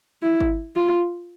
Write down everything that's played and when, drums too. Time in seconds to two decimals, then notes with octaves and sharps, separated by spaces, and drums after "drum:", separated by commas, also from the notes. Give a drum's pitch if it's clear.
0.23 E4
0.40 drum: kick G#1
0.76 F4